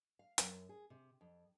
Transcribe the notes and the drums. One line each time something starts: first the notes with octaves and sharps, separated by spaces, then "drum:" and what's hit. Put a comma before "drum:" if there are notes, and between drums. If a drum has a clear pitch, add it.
F5
F#2, drum: hi-hat
G#4
C3
F2